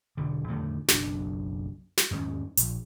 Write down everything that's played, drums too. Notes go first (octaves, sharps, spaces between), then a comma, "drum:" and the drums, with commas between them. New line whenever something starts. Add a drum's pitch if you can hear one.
E1 D3
E2 A2 D3 D#3
F#1 B1 F#3 D4, drum: snare
drum: snare
E2 G#2 D#3 C#4
A#1, drum: hi-hat